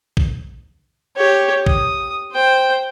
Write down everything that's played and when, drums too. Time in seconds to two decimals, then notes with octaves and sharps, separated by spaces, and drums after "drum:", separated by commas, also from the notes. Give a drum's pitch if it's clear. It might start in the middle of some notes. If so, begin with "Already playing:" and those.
0.17 drum: kick
1.16 G4 C#5
1.66 D#6, drum: kick
2.32 C5 G5